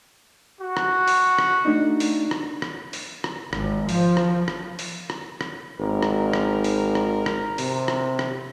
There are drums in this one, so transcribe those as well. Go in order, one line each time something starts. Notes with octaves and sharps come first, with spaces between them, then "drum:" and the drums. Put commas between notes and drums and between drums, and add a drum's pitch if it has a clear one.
F#4
drum: rim click
drum: open hi-hat
drum: rim click
A3 D4 D#4
drum: open hi-hat
drum: rim click
drum: rim click
drum: open hi-hat
drum: rim click
G#1, drum: rim click
F3, drum: open hi-hat
drum: rim click
drum: rim click
drum: open hi-hat
drum: rim click
drum: rim click
G#1 A#4
drum: rim click
drum: rim click
drum: open hi-hat
drum: rim click
drum: rim click
C3, drum: open hi-hat
drum: rim click
drum: rim click